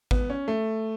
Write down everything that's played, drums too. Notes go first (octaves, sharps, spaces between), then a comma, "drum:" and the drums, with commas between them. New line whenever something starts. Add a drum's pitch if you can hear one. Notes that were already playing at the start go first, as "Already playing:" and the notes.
B3, drum: kick G#1
C#4
A3